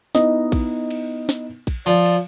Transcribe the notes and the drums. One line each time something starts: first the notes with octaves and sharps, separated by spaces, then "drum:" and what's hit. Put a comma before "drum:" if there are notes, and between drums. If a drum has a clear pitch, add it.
B3 D#4 E4 D#5, drum: snare
drum: kick A#1, cymbal
drum: cymbal
drum: snare
drum: kick A#1, cymbal
F3 D5
drum: cymbal